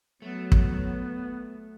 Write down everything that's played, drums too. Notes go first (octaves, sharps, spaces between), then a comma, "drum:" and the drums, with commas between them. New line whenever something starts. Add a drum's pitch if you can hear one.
F#3 A3 B3
drum: kick